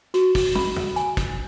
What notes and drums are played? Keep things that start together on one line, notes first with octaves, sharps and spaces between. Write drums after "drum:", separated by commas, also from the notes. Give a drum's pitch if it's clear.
F#4, drum: hi-hat
drum: kick, open hi-hat
B5, drum: tom
drum: tom
G#5, drum: hi-hat
drum: kick, hi-hat